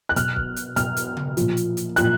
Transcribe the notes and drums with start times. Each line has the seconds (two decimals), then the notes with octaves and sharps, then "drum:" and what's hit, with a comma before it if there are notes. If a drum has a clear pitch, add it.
0.09 F#6
0.16 B2 F6, drum: hi-hat
0.36 drum: kick
0.56 drum: hi-hat
0.76 B2 F6, drum: hi-hat
0.97 drum: hi-hat
1.17 drum: tom C#3
1.37 A#2 F3, drum: hi-hat
1.57 drum: hi-hat
1.77 drum: hi-hat
1.96 A#2 F3 F#6, drum: hi-hat